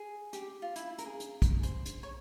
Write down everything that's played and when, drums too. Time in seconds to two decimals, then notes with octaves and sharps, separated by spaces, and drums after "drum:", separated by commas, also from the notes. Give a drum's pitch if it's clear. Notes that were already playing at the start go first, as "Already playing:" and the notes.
Already playing: G#4
0.33 G4, drum: hi-hat
0.62 F4
0.76 E4, drum: hi-hat
0.98 A#4, drum: hi-hat
1.06 G#4
1.20 drum: hi-hat
1.42 drum: kick A#1, hi-hat
1.63 C5, drum: hi-hat
1.86 drum: hi-hat
2.03 C#5